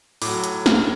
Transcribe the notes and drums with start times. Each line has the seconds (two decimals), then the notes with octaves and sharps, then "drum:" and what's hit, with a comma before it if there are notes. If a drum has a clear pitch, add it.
0.22 A2 F#3 D6, drum: open hi-hat
0.44 drum: hi-hat
0.66 F6, drum: snare